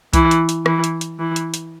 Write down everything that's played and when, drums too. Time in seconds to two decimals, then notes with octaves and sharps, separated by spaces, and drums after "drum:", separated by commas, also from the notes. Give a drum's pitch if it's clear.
0.13 E3, drum: kick C2, hi-hat
0.31 drum: hi-hat
0.49 drum: hi-hat
0.66 E3, drum: rim click
0.84 drum: hi-hat
1.01 drum: hi-hat
1.19 E3
1.36 drum: hi-hat
1.54 drum: hi-hat